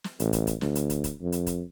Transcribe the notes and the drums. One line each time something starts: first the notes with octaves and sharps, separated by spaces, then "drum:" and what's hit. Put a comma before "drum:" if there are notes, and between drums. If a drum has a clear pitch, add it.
drum: snare
A1, drum: hi-hat
drum: kick, hi-hat
drum: kick, hi-hat
D2, drum: snare
drum: hi-hat
drum: kick, hi-hat
drum: kick, hi-hat
F2
drum: hi-hat
drum: kick, hi-hat